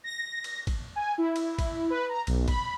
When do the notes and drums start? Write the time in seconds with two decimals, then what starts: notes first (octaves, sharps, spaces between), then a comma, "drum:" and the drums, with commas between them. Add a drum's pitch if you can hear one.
0.04 A#6
0.44 drum: cymbal
0.67 drum: kick, cymbal
0.96 G#5
1.18 E4
1.36 drum: cymbal
1.59 drum: kick, cymbal
1.90 B4
2.09 A#5
2.27 B1, drum: cymbal
2.48 B5, drum: kick, cymbal